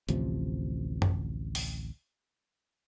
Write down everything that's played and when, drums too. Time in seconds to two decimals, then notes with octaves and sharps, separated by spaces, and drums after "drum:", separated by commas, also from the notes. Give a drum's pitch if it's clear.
0.09 A1 D2 C3 F3, drum: hi-hat
1.02 drum: tom F#2
1.55 drum: open hi-hat